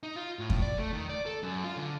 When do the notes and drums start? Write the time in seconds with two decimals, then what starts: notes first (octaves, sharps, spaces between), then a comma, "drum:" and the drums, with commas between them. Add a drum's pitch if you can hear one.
0.03 D#4
0.16 F4
0.39 A2
0.50 drum: kick E2
0.62 D5
0.78 A3
0.92 D#3
1.09 D5
1.26 A4
1.43 F#2
1.64 F4
1.77 D3